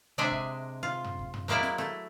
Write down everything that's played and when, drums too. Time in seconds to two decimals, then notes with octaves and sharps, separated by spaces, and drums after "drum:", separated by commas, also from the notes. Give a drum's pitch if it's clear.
0.18 C3 G#3 D4 D#5 E5 G#5
0.31 drum: kick F#1
0.83 F4
1.04 drum: tom
1.19 drum: kick F#1
1.34 drum: tom
1.48 F#3 G#3 A#3 E4 D5 E5
1.63 drum: snare
1.78 A3, drum: snare